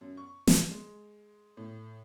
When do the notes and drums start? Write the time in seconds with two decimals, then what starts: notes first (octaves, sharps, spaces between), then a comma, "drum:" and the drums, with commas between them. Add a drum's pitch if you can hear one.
0.01 F#2
0.17 C#6
0.47 drum: snare
0.71 G#3
1.57 A2